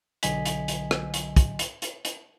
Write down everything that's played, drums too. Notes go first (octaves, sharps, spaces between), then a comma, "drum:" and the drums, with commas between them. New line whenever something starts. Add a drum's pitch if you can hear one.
B1 D3 F#3 D#5 G#5 B6, drum: hi-hat
drum: hi-hat
drum: hi-hat
drum: rim click
drum: hi-hat
drum: kick, hi-hat
drum: hi-hat
drum: hi-hat
drum: hi-hat